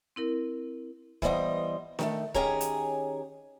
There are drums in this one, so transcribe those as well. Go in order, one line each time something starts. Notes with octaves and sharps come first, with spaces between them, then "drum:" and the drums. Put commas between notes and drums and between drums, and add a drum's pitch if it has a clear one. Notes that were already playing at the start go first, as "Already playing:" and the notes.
C4 E4 A#4
E3 G3 B3 C5 D#5, drum: kick
D#3 G#3 A3, drum: snare D4
D#3 C#4 G4 G#4 C#5 A#5, drum: kick
drum: hi-hat